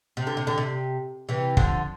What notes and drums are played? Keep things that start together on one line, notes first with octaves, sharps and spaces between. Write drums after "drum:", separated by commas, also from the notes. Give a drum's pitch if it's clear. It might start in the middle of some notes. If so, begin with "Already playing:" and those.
C3
D3
C3
D3
C3
C3 E3
D3 F3, drum: kick